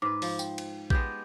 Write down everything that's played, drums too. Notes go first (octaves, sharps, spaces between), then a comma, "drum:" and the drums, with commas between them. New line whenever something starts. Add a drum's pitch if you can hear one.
G#2 B4 D6
F3, drum: open hi-hat
G5, drum: tambourine
drum: cymbal
G#3 B3 G4 G6, drum: kick A#1